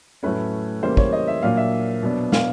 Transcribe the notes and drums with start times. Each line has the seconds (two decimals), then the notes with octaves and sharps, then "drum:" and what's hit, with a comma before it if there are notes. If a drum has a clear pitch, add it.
0.23 A2 F#3 A3 C#4 B4
0.82 C#3 E3 G3 A#3 C5
0.97 C#5, drum: kick
1.12 D#5
1.27 E5
1.42 A#2 F#3 A#3 D4 F5
1.57 E5
2.03 B2 F#3 B3 D4
2.32 F5, drum: snare